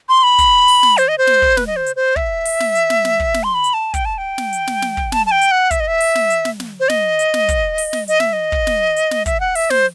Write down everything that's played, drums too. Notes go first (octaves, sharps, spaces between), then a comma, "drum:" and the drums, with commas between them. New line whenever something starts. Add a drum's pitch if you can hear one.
C6
B5
drum: kick, hi-hat
drum: open hi-hat
drum: snare
C5, drum: hi-hat
D#5
C5
drum: snare
drum: kick
B4, drum: snare
D#5
C5
drum: hi-hat
C5
E5, drum: kick
drum: open hi-hat
drum: snare
drum: hi-hat
drum: snare
drum: snare
drum: kick
drum: snare
C6
B5
drum: hi-hat
A5
G5, drum: kick, hi-hat
A5
G5
drum: snare
drum: hi-hat
drum: snare
drum: snare
drum: kick
A5, drum: snare
A5
G5
drum: hi-hat
F#5
E5, drum: kick, hi-hat
D#5
E5
drum: open hi-hat
drum: snare
drum: hi-hat
drum: snare
drum: snare
C5
D#5, drum: snare
drum: hi-hat
drum: snare
drum: kick, hi-hat
drum: open hi-hat
drum: snare
D#5, drum: hi-hat
E5, drum: snare
D#5
drum: kick
drum: snare
drum: hi-hat
drum: snare
E5, drum: kick, hi-hat
F#5
E5, drum: open hi-hat
C5, drum: snare